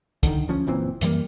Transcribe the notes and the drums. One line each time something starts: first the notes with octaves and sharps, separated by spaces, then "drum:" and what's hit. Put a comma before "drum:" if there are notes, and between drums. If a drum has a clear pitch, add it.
D3 D#3, drum: kick, hi-hat
D2 F3 C#4
F#1 A#2 E3 C4
F#2 E3 G3 A#3, drum: hi-hat